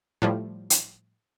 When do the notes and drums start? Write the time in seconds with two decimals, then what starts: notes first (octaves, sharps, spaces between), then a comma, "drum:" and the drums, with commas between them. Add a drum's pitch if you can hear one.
0.22 A2 F3 G3
0.70 drum: hi-hat